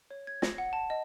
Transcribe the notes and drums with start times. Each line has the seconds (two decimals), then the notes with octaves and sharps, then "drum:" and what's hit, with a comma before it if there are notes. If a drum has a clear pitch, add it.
0.11 C#5
0.27 G#6
0.42 A#6, drum: snare
0.58 F#5
0.73 A5
0.90 D#5